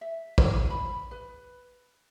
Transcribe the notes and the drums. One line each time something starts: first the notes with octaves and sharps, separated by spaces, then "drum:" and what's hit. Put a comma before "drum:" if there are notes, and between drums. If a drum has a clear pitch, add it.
E5
drum: kick
B5
B4